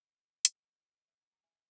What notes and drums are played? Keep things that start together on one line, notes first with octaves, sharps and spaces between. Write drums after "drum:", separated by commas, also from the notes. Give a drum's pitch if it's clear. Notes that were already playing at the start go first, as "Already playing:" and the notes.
Already playing: D#5
C#5 E5, drum: hi-hat
B4 D#5
A#4 C#5
D#5
C#5 E5
F#5 A#5
F#5 A#5
E5 G#5